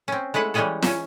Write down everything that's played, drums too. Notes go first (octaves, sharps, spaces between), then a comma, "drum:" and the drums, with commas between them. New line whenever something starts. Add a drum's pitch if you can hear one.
C4 C#4
G#3 A3 E4 B4 F#5
E3 G3 G#3 C#4 G#4 A4
C#4 E5, drum: snare